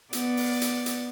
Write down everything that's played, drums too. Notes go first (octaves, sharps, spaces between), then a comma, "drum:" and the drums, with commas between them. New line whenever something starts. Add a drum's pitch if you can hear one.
B3 D5, drum: hi-hat
drum: open hi-hat
drum: hi-hat
drum: hi-hat